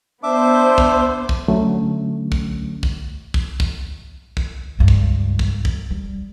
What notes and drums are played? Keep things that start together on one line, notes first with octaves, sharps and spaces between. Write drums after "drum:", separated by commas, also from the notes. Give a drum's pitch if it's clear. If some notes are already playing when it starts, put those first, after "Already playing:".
B3 D4 C5 E5 D6
drum: kick
drum: kick
D3 F#3 A3 C#4
drum: kick
drum: kick
drum: kick
drum: kick
drum: kick
C#2 G2
drum: kick
drum: kick
drum: kick
G3